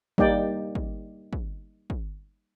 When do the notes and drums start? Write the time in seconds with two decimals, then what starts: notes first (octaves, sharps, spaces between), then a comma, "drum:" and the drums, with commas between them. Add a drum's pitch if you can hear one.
0.18 G3 A#3 D#4 D5 G5, drum: kick
0.75 drum: kick
1.33 drum: kick
1.90 drum: kick